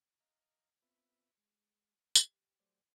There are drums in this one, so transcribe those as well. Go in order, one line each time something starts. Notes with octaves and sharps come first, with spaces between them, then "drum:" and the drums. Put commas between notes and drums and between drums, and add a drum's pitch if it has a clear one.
D#5 F5 A#5
B3 C4 F4 E5 B5
G#3
G4, drum: tambourine
F#3 A3 G4 C5 D5